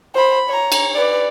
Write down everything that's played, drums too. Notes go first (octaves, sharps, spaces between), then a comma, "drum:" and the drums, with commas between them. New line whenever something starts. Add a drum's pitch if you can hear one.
C5 B5
C#5 A#5
drum: cymbal
B4 D5